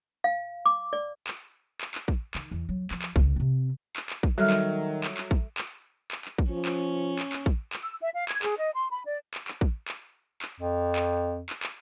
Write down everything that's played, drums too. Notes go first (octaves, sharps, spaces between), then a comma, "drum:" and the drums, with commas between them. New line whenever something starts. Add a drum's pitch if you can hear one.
F5
D6
D5
drum: clap
drum: clap
drum: clap
drum: kick
D#3, drum: clap
E2
F#3
F3, drum: clap
drum: clap
C#2 D3, drum: kick
C3 C4
drum: clap
drum: clap
drum: kick
D#3 F#3 G3 A4 E5 F6
drum: clap
drum: clap
drum: clap
drum: kick
drum: clap
drum: clap
drum: clap
drum: kick
F3 C#4
drum: clap
drum: clap
drum: clap
drum: kick
drum: clap
E6
E5
F5
G#6, drum: clap
G#4, drum: clap
D#5
C6
B5
D5
drum: clap
drum: clap
drum: kick
drum: clap
drum: clap
F2
drum: clap
drum: clap
drum: clap